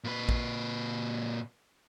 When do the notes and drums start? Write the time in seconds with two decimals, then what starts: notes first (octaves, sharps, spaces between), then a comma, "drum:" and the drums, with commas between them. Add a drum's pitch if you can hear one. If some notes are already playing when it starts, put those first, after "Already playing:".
0.04 A#2 B4
0.29 drum: kick